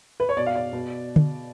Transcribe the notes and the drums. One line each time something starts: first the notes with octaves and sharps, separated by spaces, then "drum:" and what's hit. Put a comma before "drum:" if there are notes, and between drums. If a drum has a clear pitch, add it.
B4
C#5
B2 D5
F5
D5
B2
drum: tom D3